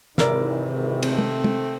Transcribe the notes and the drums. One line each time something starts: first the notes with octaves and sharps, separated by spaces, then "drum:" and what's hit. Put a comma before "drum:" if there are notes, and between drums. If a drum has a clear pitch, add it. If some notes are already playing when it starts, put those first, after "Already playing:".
G#1 C3 D#3 E3 E4 A#4 D5, drum: snare
A3 C4, drum: cymbal
drum: tom
drum: tom